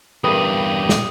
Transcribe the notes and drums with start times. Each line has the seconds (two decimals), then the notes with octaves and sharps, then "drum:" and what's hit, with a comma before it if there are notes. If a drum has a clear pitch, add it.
0.24 E2 G2 G4 A#4 B4 D#6 D#7
0.89 drum: snare